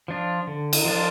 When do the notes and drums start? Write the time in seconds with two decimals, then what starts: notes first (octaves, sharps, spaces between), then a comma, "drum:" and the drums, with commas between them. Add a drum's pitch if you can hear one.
0.08 F3 D4 F4
0.47 D3
0.73 drum: cymbal
0.85 F3 D4 F4